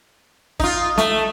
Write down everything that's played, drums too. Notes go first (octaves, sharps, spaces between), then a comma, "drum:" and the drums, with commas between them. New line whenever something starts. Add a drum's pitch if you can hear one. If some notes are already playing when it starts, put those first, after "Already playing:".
D#4 F4, drum: kick
A3, drum: snare